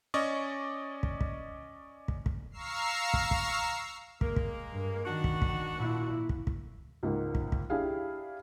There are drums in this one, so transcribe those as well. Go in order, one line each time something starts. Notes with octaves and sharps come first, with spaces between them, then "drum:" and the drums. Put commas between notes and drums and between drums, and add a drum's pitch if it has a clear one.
C#4 D5 D#5 C#6
drum: kick
drum: kick
drum: kick
drum: kick
F5 A#5 C#6 E6 F6 C7
drum: kick
drum: kick
G#3 A#3, drum: kick
drum: kick
G2
D#3 D4 F#4
drum: kick
drum: kick
A#2 E4
drum: kick
drum: kick
C#2 G#2 A#3
drum: kick
drum: kick
D4 E4 G4 G#4 F5